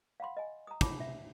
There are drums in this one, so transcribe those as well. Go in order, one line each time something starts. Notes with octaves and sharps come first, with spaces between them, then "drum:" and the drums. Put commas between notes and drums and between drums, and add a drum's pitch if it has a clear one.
F5 F#5 B5 C6
D#5 G#5
A#5 D#6
D#4 E4 B5 D6, drum: kick, hi-hat
E5